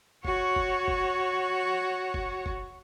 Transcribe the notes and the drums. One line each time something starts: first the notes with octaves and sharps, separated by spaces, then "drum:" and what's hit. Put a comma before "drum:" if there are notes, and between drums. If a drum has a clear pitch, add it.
F#4 C#5, drum: kick
drum: kick
drum: kick
drum: kick
drum: kick